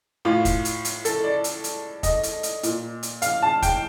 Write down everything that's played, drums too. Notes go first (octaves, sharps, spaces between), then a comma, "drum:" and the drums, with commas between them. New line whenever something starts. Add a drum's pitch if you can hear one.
A2 F4
drum: kick, hi-hat
drum: hi-hat
drum: hi-hat
A4, drum: hi-hat
D5
drum: hi-hat
drum: hi-hat
D#5, drum: kick, hi-hat
drum: hi-hat
drum: hi-hat
A#2, drum: hi-hat
drum: hi-hat
F5, drum: hi-hat
A5
G5, drum: kick, hi-hat